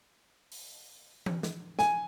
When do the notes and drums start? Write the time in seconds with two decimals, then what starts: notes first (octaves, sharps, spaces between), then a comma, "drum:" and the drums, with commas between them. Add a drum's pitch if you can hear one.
0.52 drum: open hi-hat
1.26 drum: tom E3
1.43 drum: snare
1.79 G#5, drum: snare